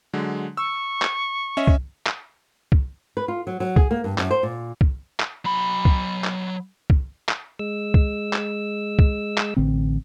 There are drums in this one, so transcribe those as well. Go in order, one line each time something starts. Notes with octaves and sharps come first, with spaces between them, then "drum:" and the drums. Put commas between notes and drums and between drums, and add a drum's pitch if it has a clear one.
D3 F#3 G#3
C#6 E6
drum: clap
C#4 D#5 E5
drum: kick C2
drum: clap
drum: kick C2
B4
F4
F#3
F#3
G#4, drum: kick C2
A#3
G2
F#2, drum: clap
C5
A#2
drum: kick C2
drum: clap
F#3 B5
drum: kick C2
drum: clap
drum: kick C2
drum: clap
G#3 E6
drum: kick C2
drum: clap
drum: kick C2
drum: clap
A1 D3 C4